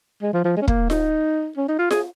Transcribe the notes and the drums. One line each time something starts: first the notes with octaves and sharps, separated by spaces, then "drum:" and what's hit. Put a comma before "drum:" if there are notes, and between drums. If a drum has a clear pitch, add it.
G#3
F3
F3
G#3
C#4
A#3, drum: kick
D#4, drum: snare F4
C#4
D#4
F4
G#4, drum: snare F4